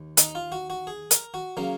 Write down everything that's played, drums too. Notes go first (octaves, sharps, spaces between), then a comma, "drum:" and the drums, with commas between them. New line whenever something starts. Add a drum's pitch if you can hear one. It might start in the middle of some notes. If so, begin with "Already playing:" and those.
Already playing: D#2
D#4, drum: hi-hat
F4
F#4
F#4
G#4
A#4, drum: hi-hat
F#4
C#3 F#3 A#3